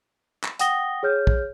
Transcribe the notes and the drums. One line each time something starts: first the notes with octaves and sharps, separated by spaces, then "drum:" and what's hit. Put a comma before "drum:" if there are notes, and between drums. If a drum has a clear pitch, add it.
drum: clap
F#5 G5 D#6 A#6 G7, drum: hi-hat
G#4 C#5 F6 G6
drum: kick